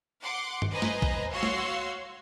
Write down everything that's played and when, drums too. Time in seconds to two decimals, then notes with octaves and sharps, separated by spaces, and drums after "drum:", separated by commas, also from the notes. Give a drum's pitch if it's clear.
0.21 F#5 C6 D6
0.62 drum: tom G2
0.71 B4 C5 D#5 G#5 A#5
0.82 drum: snare
1.02 drum: kick A#1
1.31 F#4 C#5 F5 C6 E6
1.43 drum: snare